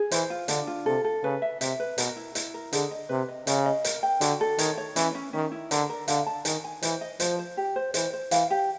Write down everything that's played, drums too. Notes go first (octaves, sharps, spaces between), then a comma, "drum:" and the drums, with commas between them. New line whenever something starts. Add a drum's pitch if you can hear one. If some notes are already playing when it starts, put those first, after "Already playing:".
Already playing: G#4
E3 C5, drum: hi-hat
F4
D3 D4, drum: hi-hat
F4
C3 A4
A4
C#3 B4
E5
C3 E5, drum: hi-hat
B4
B2 A#4, drum: hi-hat
E4
E4, drum: hi-hat
A#4
D3 G#4, drum: hi-hat
D#5
C3 B4
D#5
C#3 D#5, drum: hi-hat
D#5
A#4, drum: hi-hat
G5
D3 F#4, drum: hi-hat
A4
D#3 C#5, drum: hi-hat
C#5
E3 C#4, drum: hi-hat
C#4
D#3 C#4
E4
D3 A#4, drum: hi-hat
A#4
D3 F5, drum: hi-hat
A5
D#3 G#5, drum: hi-hat
G#5
E3 C5, drum: hi-hat
D#5
F3 C5, drum: hi-hat
C5
G4
C5
E3 C5, drum: hi-hat
C5
E3 F5, drum: hi-hat
G4